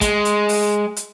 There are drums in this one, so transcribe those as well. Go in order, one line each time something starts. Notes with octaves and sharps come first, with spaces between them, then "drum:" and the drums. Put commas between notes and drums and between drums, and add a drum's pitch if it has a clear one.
G#3, drum: kick, hi-hat
drum: hi-hat
drum: open hi-hat
drum: hi-hat